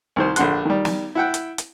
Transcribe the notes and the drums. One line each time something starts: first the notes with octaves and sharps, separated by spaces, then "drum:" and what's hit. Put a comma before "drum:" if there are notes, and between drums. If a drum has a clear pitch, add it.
C2 D#3 C5
A#1 D3 F#5 C6 F#6, drum: hi-hat
D#3 G3
drum: snare
E4 F#5 G5
drum: hi-hat
drum: hi-hat